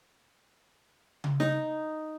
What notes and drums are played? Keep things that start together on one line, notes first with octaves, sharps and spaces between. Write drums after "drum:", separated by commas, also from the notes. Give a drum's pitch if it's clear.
drum: tom C#3
D#4, drum: snare